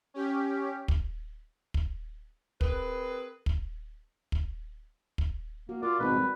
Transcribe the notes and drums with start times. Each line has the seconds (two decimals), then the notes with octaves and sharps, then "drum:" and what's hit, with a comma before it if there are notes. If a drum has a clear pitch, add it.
0.14 C#4 G4
0.88 drum: kick
1.74 drum: kick
2.61 C4 G#4 A#4 B4, drum: kick
3.46 drum: kick
4.32 drum: kick
5.18 drum: kick
5.69 A#3 F#4
5.83 F4 A#4 D5
6.00 G#1 B2 B4
6.15 G3